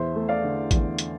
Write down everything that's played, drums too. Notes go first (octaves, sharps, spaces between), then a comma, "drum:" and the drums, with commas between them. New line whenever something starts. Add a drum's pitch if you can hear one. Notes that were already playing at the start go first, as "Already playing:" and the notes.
Already playing: E2 C5 E5
A3
D5 F5
D3
E2, drum: kick A1, hi-hat
drum: hi-hat